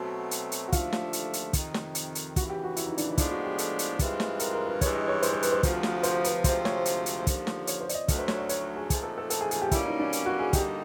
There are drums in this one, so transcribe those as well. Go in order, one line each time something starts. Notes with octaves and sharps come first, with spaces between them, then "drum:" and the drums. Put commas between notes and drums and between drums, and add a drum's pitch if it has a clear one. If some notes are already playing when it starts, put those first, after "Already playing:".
Already playing: B2 F#3 A3 C4
drum: hi-hat
drum: hi-hat
F#4
D#2 D3 F3 A3 F4, drum: kick, hi-hat
drum: snare
drum: hi-hat
drum: hi-hat
F2 C3 D#3, drum: kick, hi-hat
drum: snare
drum: hi-hat
drum: hi-hat
D#2 C#3 E3 F#4, drum: kick, hi-hat
G4
F#4
E4, drum: hi-hat
D#4
D4, drum: hi-hat
D#4
A2 F3 G#3 B3 D4 E4, drum: kick, hi-hat
F#4
G4
A4, drum: hi-hat
drum: hi-hat
G2 E3 G#3 C4 F4, drum: kick, hi-hat
drum: snare
A#4, drum: hi-hat
A#4
B4
G2 E3 G#3 C#5, drum: kick, hi-hat
D#5
C#5
C5, drum: hi-hat
C5
B4, drum: hi-hat
C5
D2 C3 F3, drum: kick, hi-hat
drum: snare
C5, drum: hi-hat
B4, drum: hi-hat
D2 C3 F3 G#3 C4 C5, drum: kick, hi-hat
C#5, drum: snare
drum: hi-hat
drum: hi-hat
D#2 D3 F3, drum: kick, hi-hat
drum: snare
C#5, drum: hi-hat
C5
D5, drum: hi-hat
D#5
D2 D3 F#3 A3 D#5, drum: kick, hi-hat
C5
C#5, drum: snare
D5
C#5, drum: hi-hat
G#4
A#2 F3 A3 C4 D#4 G#4, drum: kick, hi-hat
A4
A4
A4, drum: hi-hat
G#4
G#4, drum: hi-hat
G4
B2 G3 A#3 C#4 E4, drum: kick, hi-hat
D#4
D4
drum: hi-hat
F#4
G#4
G2 D3 G3 A#3 D#4 G4, drum: kick, hi-hat